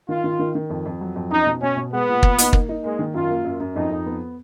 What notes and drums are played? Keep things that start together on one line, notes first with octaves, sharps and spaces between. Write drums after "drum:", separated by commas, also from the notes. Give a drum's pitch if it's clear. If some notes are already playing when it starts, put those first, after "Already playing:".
D#3 F4
D#3
D#3
D#3
F2
F2
F#3
F2
C#4 D#4
B2
B2 C#4
B2
G#3 B3
A#2
A#2, drum: kick
D#4, drum: hi-hat
A#3, drum: kick
D#4
G#3 A#3
D#3
F#2 F4
A#3
F#2
F#2
F2 D#4
F2
B3